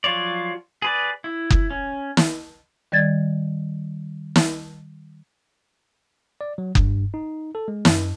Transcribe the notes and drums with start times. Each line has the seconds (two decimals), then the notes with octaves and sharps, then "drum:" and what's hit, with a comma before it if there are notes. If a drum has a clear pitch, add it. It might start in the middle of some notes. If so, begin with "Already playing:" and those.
0.04 F3 F#3 F4 C#5 D5
0.82 G#4 B4 D5
1.24 E4
1.50 drum: kick F#1
1.70 C#4
2.17 drum: snare
2.92 D#3 G3 D5 G#6 A6
4.36 drum: snare
6.41 D5
6.58 F#3
6.75 G2, drum: kick F#1
7.14 D#4
7.55 A4
7.68 G#3
7.85 F#2, drum: snare